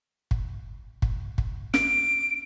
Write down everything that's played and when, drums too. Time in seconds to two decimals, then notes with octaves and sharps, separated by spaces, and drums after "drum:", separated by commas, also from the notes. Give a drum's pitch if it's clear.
0.31 drum: kick G1
1.02 drum: kick G1
1.38 drum: kick G1
1.74 D7, drum: snare